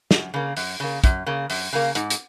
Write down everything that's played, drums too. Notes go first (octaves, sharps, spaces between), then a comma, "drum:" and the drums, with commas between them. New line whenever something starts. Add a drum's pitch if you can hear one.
F#2, drum: snare
C#3 A#3
F#2, drum: open hi-hat
C#3 A#3
F#2, drum: kick, hi-hat
C#3 A#3
F#2, drum: open hi-hat
C#3 A#3
G#2, drum: hi-hat
drum: hi-hat